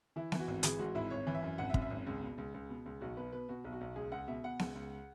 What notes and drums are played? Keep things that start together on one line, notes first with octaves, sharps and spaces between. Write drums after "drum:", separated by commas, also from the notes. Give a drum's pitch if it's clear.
E3 E4
E3, drum: snare B3
F#4
G#1
E3 G#4, drum: hi-hat
G#2 F#4
G#1 E4
G#1 C#5
E3
E5
F#2
G#1 F#5
E5
F#2, drum: kick
E5
G#1
C#2
B2
C#2
C#2
B2
C#2
B1 F#4
B2 B4
B2 B4
B2 F#4
B1
F#4
B1
C#2 G#4
C#2 F#5
B2 E5
B2 F#5
C#2, drum: snare B3
C#2